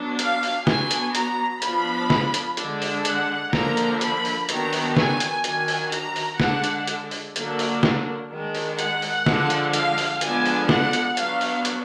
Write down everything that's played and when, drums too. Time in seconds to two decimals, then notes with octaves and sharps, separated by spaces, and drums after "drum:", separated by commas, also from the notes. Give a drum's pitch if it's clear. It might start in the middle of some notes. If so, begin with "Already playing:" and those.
Already playing: F#3 B3 D4
0.19 F5, drum: hi-hat
0.43 drum: open hi-hat
0.67 F#3 B3 D4 G#5, drum: snare
0.91 drum: hi-hat
1.15 A#5, drum: hi-hat
1.62 F3 B3 D4 B5, drum: hi-hat
2.10 drum: snare
2.34 drum: hi-hat
2.57 D3 G#3 D4, drum: hi-hat
2.82 drum: open hi-hat
3.05 F#5, drum: hi-hat
3.53 D3 F3 A#3 D4 A#5, drum: snare
3.77 drum: hi-hat
4.01 B5, drum: hi-hat
4.25 drum: open hi-hat
4.49 D#3 F#3 B3 D4 A#5, drum: hi-hat
4.73 drum: open hi-hat
4.97 G#5, drum: snare
5.20 drum: hi-hat
5.44 D#3 F#3 D4 G#5, drum: hi-hat
5.68 drum: open hi-hat
5.92 A#5, drum: hi-hat
6.16 drum: open hi-hat
6.40 D3 G#3 D4 F#5, drum: snare
6.64 drum: hi-hat
6.87 drum: hi-hat
7.11 drum: open hi-hat
7.36 D3 F#3 A#3 D4, drum: hi-hat
7.59 drum: open hi-hat
7.83 drum: snare
8.30 D#3 G#3 D4
8.55 drum: open hi-hat
8.79 F#5, drum: hi-hat
9.02 drum: open hi-hat
9.26 D3 F3 G#3 D4, drum: snare
9.50 drum: hi-hat
9.73 F5, drum: hi-hat
9.98 drum: open hi-hat
10.21 D3 F3 G#3 B3 D4 G#5, drum: hi-hat
10.46 drum: open hi-hat
10.69 F#5, drum: snare
10.93 drum: hi-hat
11.17 F#3 B3 D4 F5, drum: hi-hat
11.41 drum: open hi-hat
11.65 drum: hi-hat